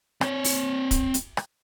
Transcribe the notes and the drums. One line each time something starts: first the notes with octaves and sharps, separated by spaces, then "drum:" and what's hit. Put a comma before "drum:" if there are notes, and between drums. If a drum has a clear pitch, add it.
C4 C#5, drum: rim click
drum: open hi-hat
drum: kick, hi-hat
drum: hi-hat
drum: rim click